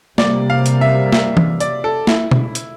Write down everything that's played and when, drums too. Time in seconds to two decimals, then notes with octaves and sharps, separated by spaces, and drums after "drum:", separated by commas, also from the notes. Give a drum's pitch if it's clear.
0.18 C3 G3 A#3 D5, drum: snare
0.50 F5
0.66 drum: hi-hat
0.81 E5
1.13 E5, drum: snare
1.37 drum: tom E3
1.60 D5, drum: hi-hat
1.84 A4
2.07 E4, drum: snare
2.31 drum: tom B2
2.55 drum: hi-hat